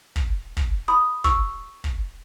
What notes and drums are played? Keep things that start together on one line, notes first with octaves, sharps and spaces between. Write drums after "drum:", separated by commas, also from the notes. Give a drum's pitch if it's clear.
drum: kick
drum: kick
B5 D#6
C#6 E6, drum: kick
drum: kick